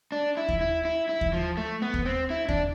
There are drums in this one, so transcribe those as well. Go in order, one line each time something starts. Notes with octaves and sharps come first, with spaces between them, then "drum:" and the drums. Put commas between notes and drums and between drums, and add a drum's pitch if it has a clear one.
D4
E4
drum: kick D#2
E4
E4
E4
drum: kick D#2
F3
A3
B3
drum: kick D#2
C4
E4
D4, drum: kick D#2